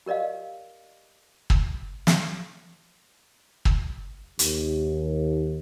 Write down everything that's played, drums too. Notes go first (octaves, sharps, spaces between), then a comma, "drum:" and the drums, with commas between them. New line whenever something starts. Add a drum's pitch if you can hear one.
G4 A#4 D5 D#5 F5
drum: kick
drum: snare
drum: kick
D#2, drum: hi-hat